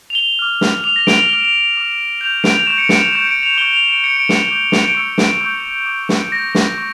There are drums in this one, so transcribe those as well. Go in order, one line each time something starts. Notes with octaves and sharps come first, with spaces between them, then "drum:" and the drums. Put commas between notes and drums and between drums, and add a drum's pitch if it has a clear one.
F7
G7
D6 F6
drum: snare
D6 F6 F7
A#6
D7, drum: snare
F7
D6 F6 G7
E7
F7
F7
D6 F6
C#6 G6 F7
D7, drum: snare
F7
C#6 G6 E7
C#7
D7, drum: snare
F7
C#6 G6 E7
D7
F7
C#6 G6 G7
F7
E7
D7
D6 G6 C#7
D7
C#7, drum: snare
D6 G6
drum: snare
D7
C#6 E6 G6 C#7
drum: snare
C#6 E6 G6
D6 G6
drum: snare
D6 G6 A#6
drum: snare
C#6